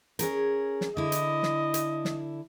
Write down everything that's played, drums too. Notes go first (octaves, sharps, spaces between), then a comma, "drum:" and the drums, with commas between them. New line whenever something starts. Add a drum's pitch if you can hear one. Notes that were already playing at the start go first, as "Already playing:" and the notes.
C#4 G#4 A#4, drum: hi-hat
drum: snare
D3 E4 D#5
drum: hi-hat
drum: snare
drum: hi-hat
drum: snare